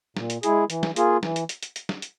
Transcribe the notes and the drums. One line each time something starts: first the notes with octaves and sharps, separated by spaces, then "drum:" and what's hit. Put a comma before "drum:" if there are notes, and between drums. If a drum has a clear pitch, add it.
A#2, drum: snare
drum: hi-hat
G#3 E4 G#4, drum: hi-hat
E3, drum: hi-hat
drum: snare
A#3 F4 G#4, drum: hi-hat
E3, drum: snare
drum: hi-hat
drum: hi-hat
drum: hi-hat
drum: hi-hat
drum: snare
drum: hi-hat